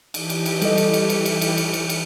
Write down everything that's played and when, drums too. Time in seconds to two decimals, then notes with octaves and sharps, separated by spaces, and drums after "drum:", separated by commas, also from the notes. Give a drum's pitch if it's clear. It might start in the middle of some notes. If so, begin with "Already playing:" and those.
0.14 E3 G4, drum: cymbal
0.30 drum: cymbal
0.46 drum: cymbal
0.62 G3 A4 D#5, drum: cymbal
0.78 drum: cymbal
0.94 drum: cymbal
1.10 drum: cymbal
1.26 drum: cymbal
1.42 drum: cymbal
1.57 drum: cymbal
1.73 drum: cymbal
1.89 drum: cymbal